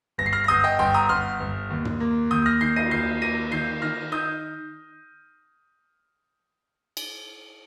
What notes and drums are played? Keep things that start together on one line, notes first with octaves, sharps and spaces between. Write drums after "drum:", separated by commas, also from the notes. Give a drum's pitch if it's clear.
G1 A#6
C7
F6 A#6
A#6
G1 D#6 G6
D#5 G5
G1 G5 C6
A#5 D#6
G1 C6 F6
G1
D#2
drum: tom
A#3
D#2 D#6 G6
F6 A#6
D#3 G6 C7
A#6 D#7, drum: cymbal
D#2 G6 C7
A#3 A#6 D#7
D#3 G6 C7
D#3 F6 A#6
D#4 D#6 G6
drum: cymbal